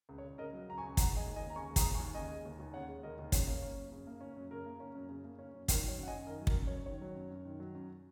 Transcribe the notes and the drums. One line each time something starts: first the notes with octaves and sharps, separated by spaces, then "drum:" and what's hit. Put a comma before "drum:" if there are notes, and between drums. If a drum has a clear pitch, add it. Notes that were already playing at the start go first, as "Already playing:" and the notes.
C#2
C#5
C#2
C#3 A#4 D#5
F#3
C#2 A#5
G#5 C#6
C#2
C#3 F#5 A#5, drum: kick, hi-hat
G#3 D#5 G#5
D#2
D#5 G#5
D#2
A#5
C#3 G#5 C#6
G#3
A#5 D#6, drum: kick, hi-hat
D#2
G#5 C#6
D#2
C#3 D#5 G#5
G#3
D#2
D#2
C#3 C#5 F#5
G#3
D#2 A#4 D#5
D#2
C#3 C#5, drum: kick, hi-hat
A#3
C#4
F#2
C#3
A#3
C#4
F#2
C#3 A#4
A#3
C#4
F#2
C#3
A#3
C#4
F#2
D#3 A#4, drum: kick, hi-hat
F#3 C#5
F#2
F#5
D#5 G#5
F#2
D#3 A#4 D#5
F#3
A#4, drum: kick
F#2
C#5
F#2
D#3 C#5
F#3
F#2
F#2
D#3
F#3
F#2